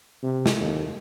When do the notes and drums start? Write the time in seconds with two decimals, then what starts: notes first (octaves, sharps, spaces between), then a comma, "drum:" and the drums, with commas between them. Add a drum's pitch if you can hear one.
0.23 C3
0.46 drum: snare
0.60 D#2